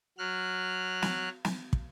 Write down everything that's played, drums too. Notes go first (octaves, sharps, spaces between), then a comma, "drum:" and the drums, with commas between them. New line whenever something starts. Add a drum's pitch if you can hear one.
F#3 F6 F#6
drum: snare
drum: snare
drum: kick